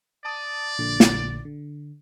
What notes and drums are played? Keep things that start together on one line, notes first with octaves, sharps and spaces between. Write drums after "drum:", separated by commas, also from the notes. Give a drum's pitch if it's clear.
D5 A5 D#6
A#1 A#2 D3
drum: snare
D3